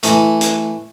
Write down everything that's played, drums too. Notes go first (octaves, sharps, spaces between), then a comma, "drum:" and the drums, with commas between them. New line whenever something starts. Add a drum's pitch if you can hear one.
E3 A3, drum: hi-hat
drum: hi-hat